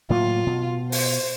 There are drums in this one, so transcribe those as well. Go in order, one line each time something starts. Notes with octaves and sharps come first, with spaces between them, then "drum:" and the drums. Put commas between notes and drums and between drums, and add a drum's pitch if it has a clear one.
A2 F#3 A#3 F4
B2
C5, drum: open hi-hat